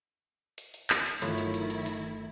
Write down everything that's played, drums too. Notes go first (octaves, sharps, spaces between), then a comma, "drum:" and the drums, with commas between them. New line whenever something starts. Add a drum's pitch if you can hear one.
drum: hi-hat
drum: hi-hat
drum: clap
drum: open hi-hat
G1 D#3 F#3 A3 E4 F4 C#5 B5, drum: hi-hat
drum: hi-hat
drum: hi-hat
drum: hi-hat
drum: hi-hat